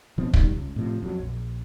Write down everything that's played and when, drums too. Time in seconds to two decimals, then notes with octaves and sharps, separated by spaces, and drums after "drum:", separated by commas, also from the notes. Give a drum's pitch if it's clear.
0.18 B2 F3 B3 C4
0.34 F#1 B2 D#3 G3, drum: kick
0.50 C#2
0.76 A2 C3 F3
1.02 F2 F#3
1.20 A#1